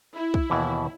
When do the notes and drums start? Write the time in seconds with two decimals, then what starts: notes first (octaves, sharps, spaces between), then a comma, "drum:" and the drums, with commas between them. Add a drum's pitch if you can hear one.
0.14 E4
0.34 drum: kick
0.50 D#2 B2 E3